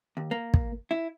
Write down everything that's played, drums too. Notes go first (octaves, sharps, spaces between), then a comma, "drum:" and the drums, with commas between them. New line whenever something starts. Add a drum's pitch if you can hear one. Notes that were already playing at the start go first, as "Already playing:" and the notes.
D#2
A#3
drum: kick
E4